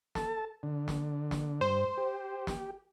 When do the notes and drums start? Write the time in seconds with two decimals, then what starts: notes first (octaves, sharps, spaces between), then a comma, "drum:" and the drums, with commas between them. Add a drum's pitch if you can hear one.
0.15 A4 A5, drum: snare
0.63 D3
0.88 drum: snare
1.31 drum: snare
1.61 G2 C5
1.98 G4
2.47 drum: snare